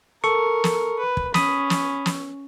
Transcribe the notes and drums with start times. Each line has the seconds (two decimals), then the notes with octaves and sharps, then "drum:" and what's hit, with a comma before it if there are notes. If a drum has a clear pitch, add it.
0.24 A4 A#4 C#6
0.64 drum: snare
0.99 B4
1.17 drum: kick
1.34 C#4 B5 D#6, drum: snare
1.70 drum: snare
2.06 drum: snare